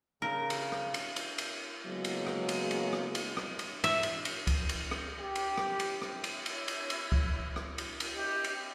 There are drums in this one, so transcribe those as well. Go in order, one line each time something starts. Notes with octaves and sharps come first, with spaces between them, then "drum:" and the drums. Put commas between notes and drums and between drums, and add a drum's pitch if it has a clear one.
C#3 A#4
drum: cymbal
drum: rim click
drum: cymbal
drum: cymbal
drum: cymbal
C#3 F#3 G#3 A#3 B3
drum: cymbal
drum: rim click
drum: cymbal
drum: cymbal
drum: rim click
drum: cymbal
drum: rim click
drum: cymbal
E5, drum: cymbal
drum: cymbal
drum: cymbal
drum: kick C#2, cymbal
drum: cymbal
drum: rim click
G4
drum: cymbal
drum: rim click
drum: cymbal
drum: rim click
drum: cymbal
E4 C#5, drum: cymbal
drum: cymbal
drum: cymbal
drum: kick C#2
drum: rim click
drum: cymbal
drum: cymbal
G4 D#5
drum: cymbal